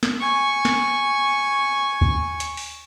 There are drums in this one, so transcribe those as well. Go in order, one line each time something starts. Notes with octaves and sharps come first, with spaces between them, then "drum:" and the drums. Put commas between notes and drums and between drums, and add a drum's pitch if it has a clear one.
drum: snare
G#5 C#6
drum: snare
drum: kick D2
drum: hi-hat
drum: open hi-hat